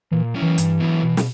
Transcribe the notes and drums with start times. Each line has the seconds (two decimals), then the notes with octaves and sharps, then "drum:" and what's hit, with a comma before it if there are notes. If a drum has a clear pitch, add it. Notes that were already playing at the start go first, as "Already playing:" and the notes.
0.11 A#2 E3
0.35 F#3 C#4 E4
0.42 E3
0.58 G2, drum: hi-hat
0.80 F#3 B3 E4
1.02 B2
1.17 drum: snare